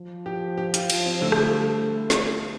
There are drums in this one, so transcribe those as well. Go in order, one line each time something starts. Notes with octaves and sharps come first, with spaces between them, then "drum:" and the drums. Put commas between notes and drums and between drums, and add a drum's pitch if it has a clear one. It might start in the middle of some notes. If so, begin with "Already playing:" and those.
Already playing: F3
G4
G4
F4, drum: hi-hat
F3, drum: cymbal
C4
D3 A3
F3, drum: rim click
G3
drum: snare